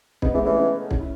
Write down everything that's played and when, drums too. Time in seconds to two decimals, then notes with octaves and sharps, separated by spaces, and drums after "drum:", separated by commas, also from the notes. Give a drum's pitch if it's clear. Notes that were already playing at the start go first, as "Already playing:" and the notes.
0.22 B3 D#4, drum: kick
0.34 E3 G#3 B3
0.45 E3 A3 C#4
0.56 B3 D#4
0.91 C#4 E4, drum: kick
1.01 E4